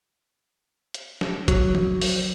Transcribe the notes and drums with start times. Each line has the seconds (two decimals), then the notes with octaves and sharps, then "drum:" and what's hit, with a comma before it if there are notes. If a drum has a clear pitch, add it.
0.94 drum: hi-hat
1.21 drum: snare
1.48 F#3, drum: kick, hi-hat
1.75 drum: tom
2.02 drum: open hi-hat